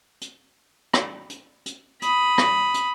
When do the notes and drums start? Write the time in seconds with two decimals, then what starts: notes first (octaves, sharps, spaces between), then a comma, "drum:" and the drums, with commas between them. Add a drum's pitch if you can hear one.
0.21 drum: hi-hat
0.94 drum: rim click
1.30 drum: hi-hat
1.66 drum: hi-hat
2.02 B5 D#6, drum: hi-hat
2.38 drum: rim click
2.74 drum: hi-hat